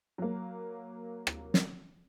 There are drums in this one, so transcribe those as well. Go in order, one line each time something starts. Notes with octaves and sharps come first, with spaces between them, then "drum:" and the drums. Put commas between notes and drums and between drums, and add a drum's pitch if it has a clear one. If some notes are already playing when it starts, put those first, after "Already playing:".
F#3 A#3
drum: rim click
drum: snare